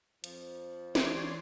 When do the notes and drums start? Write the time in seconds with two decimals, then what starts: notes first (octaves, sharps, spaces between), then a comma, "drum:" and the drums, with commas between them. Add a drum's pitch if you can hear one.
0.24 F2 F3, drum: hi-hat
0.95 E3 G4 C#5 D5 C6, drum: snare